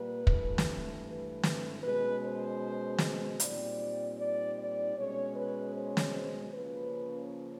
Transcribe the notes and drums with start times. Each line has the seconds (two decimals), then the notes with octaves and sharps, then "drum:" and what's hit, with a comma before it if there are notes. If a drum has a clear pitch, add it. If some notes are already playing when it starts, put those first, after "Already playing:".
Already playing: A#2 G3 A#3 B4
0.27 G2 E3 A3, drum: kick
0.58 drum: snare
1.06 B4
1.43 drum: snare
1.83 B2 G#3 C#4 B4
2.22 C5
2.98 drum: snare
3.40 A#2 G3 C4 D#4 D5, drum: hi-hat
4.18 D5
4.57 D5
4.96 B2 G#3 C#4 C#5
5.35 B4
5.74 C5
5.97 drum: snare
6.52 C#3 F3 A#3 C#4 B4